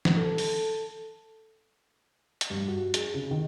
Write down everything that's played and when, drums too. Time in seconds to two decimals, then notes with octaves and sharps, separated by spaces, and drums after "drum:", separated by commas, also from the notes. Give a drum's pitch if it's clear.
0.05 drum: snare
0.16 A4
0.38 drum: open hi-hat
2.41 drum: hi-hat
2.50 G2
2.68 F#4
2.94 G#4, drum: hi-hat
3.14 C#3
3.31 D#3